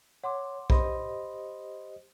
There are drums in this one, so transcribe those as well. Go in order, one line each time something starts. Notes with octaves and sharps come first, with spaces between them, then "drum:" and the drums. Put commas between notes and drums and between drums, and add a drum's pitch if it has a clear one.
C#5 F#5 C6 D6
G4 C5 D#5 B5 C6, drum: kick B1